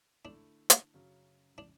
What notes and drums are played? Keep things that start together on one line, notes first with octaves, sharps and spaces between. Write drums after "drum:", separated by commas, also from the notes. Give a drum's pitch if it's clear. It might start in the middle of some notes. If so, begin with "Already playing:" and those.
D3 A3 D4 E4
drum: hi-hat
F#2 C#3 F#3 C#4
D4